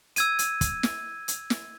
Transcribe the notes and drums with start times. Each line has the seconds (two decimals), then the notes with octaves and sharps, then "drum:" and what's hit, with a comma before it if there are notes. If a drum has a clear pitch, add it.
0.16 E6 G#6 D#7, drum: hi-hat
0.39 drum: hi-hat
0.61 drum: kick, hi-hat
0.83 drum: snare
1.28 drum: hi-hat
1.50 drum: snare